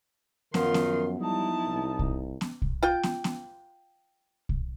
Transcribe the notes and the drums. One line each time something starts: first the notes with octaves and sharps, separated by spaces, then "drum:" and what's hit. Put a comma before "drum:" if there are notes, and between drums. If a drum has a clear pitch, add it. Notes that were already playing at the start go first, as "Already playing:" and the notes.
F#2 D#3 F3 F#3 B3 F4 C6, drum: snare
drum: snare
G3 D#4 E4 A5
C2
drum: kick B1
drum: snare
drum: kick B1
F4 G5
drum: snare
drum: snare
drum: kick B1